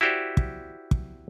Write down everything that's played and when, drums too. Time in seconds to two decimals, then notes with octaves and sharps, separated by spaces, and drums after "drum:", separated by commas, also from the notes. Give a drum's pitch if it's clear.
0.01 E4 F#4 G4 C5 D5 E5
0.37 drum: kick
0.91 drum: kick